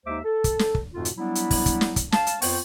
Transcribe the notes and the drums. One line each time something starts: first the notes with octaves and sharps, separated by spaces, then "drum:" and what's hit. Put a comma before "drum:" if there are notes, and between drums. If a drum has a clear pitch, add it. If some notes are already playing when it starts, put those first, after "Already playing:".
D#2 G#3 D#4 C5 E5 D6
A4
drum: kick, hi-hat
drum: snare
drum: kick
F2 G#2 B2 D3 A3 F4
drum: hi-hat
F#3 G3 B3 D4 E4
drum: hi-hat
drum: kick, open hi-hat
drum: kick, hi-hat
drum: snare
drum: kick, hi-hat
F5 A5, drum: snare
drum: hi-hat
F2 B3 F4 C5 G5 C#6, drum: open hi-hat